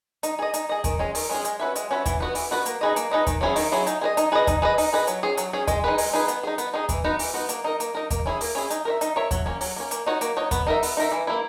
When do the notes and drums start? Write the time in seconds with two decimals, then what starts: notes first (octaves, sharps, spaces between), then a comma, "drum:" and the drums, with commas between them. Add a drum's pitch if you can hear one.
0.23 D#4, drum: hi-hat
0.39 G#4 D#5
0.54 D#4, drum: hi-hat
0.69 G#4 D#5
0.84 D#3, drum: kick D#2, hi-hat
0.99 G#3 C#4 G#4
1.15 D#3, drum: open hi-hat
1.30 G#3 C#4 G#4
1.45 G#3, drum: hi-hat
1.59 C#4 F#4 B4 E5
1.76 G#3, drum: hi-hat
1.91 C#4 F#4 B4 E5
2.06 E3, drum: kick D#2, hi-hat
2.20 B3 F#4 B4
2.35 E3, drum: open hi-hat
2.51 B3 F#4 B4
2.66 A#3, drum: hi-hat
2.81 D#4 G#4 B4 D#5
2.96 A#3, drum: hi-hat
3.11 D#4 G#4 B4 D#5
3.27 D#3, drum: kick D#2, hi-hat
3.41 F#3 C#4 E4 G#4
3.56 D#3, drum: open hi-hat
3.72 F#3 C#4 E4 G#4
3.87 D#4, drum: hi-hat
4.01 G#4 B4 D#5
4.17 D#4, drum: hi-hat
4.32 G#4 B4 D#5
4.47 D#4, drum: kick D#2, hi-hat
4.62 G#4 B4 D#5
4.78 D#4, drum: open hi-hat
4.93 G#4 B4 D#5
5.07 F#3, drum: hi-hat
5.23 C#4 G#4
5.37 F#3, drum: hi-hat
5.53 C#4 G#4
5.68 G#3, drum: kick D#2, hi-hat
5.84 D#4 G#4 B4
5.98 G#3, drum: open hi-hat
6.13 D#4 G#4 B4
6.28 B3, drum: hi-hat
6.43 D#4 G#4
6.58 B3, drum: hi-hat
6.74 D#4 G#4
6.89 E3, drum: kick D#2, hi-hat
7.04 B3 D#4 F#4
7.19 E3, drum: open hi-hat
7.34 B3 D#4 F#4
7.49 A#3, drum: hi-hat
7.64 D#4 A#4
7.80 A#3, drum: hi-hat
7.95 D#4 A#4
8.11 A#3, drum: kick D#2, hi-hat
8.26 C#4 E4 G#4
8.41 A#3, drum: open hi-hat
8.55 C#4 E4 G#4
8.70 D#4, drum: hi-hat
8.85 A#4 C#5 E5
9.01 D#4, drum: hi-hat
9.16 A#4 C#5 E5
9.31 F#3, drum: kick D#2, hi-hat
9.46 A#3 C#4
9.61 F#3, drum: open hi-hat
9.76 A#3 C#4
9.91 A#3, drum: hi-hat
10.06 D#4 F#4 C#5
10.21 A#3, drum: hi-hat
10.37 D#4 F#4 C#5
10.51 B3, drum: kick D#2, hi-hat
10.67 D#4 A#4 E5
10.83 B3, drum: open hi-hat
10.97 D#4 A#4 E5
11.12 E3
11.27 A#3 E4